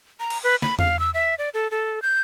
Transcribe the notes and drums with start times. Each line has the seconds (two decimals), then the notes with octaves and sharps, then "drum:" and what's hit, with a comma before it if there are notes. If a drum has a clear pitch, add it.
0.20 A#5
0.30 drum: cymbal
0.44 B4
0.62 B5, drum: snare
0.79 F5, drum: tom E2
0.99 E6
1.14 E5
1.38 D5
1.54 A4
1.71 A4
2.02 G6